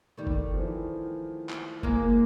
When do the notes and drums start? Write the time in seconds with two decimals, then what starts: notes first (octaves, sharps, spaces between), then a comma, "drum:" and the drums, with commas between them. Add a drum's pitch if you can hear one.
0.18 D#3 G3 A3
0.27 drum: kick F#1
0.54 F3
0.59 E3
1.49 drum: clap
1.83 G#3 A#3, drum: kick F#1